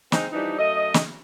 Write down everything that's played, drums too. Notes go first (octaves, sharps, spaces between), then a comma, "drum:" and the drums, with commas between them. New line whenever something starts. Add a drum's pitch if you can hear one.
G#3 C4 D#4, drum: snare
E3 F3 G3 D4 D#4
F#2 A3 D#5
drum: snare